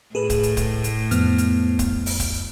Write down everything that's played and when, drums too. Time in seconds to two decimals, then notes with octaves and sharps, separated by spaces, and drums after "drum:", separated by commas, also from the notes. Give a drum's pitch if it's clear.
0.15 A2 G#4 A4 B4
0.30 drum: kick C#1, hi-hat
0.43 drum: hi-hat
0.57 drum: kick C#1, hi-hat
0.84 drum: hi-hat
1.11 F2 B3 F6, drum: hi-hat
1.38 drum: hi-hat
1.79 drum: kick C#1, hi-hat
2.06 drum: open hi-hat
2.20 drum: kick C#1, hi-hat